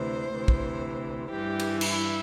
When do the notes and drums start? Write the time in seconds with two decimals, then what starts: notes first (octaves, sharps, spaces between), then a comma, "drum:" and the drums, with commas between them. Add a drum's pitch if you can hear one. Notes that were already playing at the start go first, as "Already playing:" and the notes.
Already playing: D2 C3 E3 C5
0.32 D2 C3 E3
0.48 drum: kick
1.31 G2 E3 G4
1.60 drum: cymbal
1.81 E4, drum: cymbal